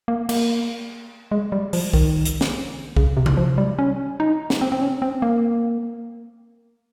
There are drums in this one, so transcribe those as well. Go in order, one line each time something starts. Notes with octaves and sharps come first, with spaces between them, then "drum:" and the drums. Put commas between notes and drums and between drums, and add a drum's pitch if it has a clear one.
A#3
A#3, drum: cymbal
G#3
G3
F3, drum: open hi-hat
D#3, drum: kick
drum: hi-hat
drum: snare
C#3, drum: kick
C3
drum: tom C3
F3
G3
C#4
D#4
drum: snare
C4
C4
C#4
C4
A#3